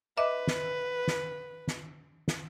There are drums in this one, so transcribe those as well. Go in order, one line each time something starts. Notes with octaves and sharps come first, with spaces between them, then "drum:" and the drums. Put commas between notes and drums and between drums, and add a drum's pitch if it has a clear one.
B4 D#5 E5 D6
drum: snare
drum: snare
drum: snare
drum: snare